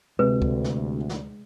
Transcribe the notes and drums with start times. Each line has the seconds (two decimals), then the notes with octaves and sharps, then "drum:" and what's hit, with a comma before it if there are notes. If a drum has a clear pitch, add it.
0.19 D2 C3 G#3 B4
0.42 drum: kick C#2
0.64 drum: snare
1.09 drum: snare